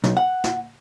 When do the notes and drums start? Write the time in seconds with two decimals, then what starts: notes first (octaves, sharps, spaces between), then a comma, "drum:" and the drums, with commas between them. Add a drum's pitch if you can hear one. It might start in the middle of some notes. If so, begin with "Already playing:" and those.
0.04 B1, drum: snare
0.17 F#5
0.44 drum: snare